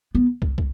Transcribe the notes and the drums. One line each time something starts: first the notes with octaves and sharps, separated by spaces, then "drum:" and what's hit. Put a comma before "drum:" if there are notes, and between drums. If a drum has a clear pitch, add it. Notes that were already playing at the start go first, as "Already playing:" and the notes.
B3
drum: kick
drum: kick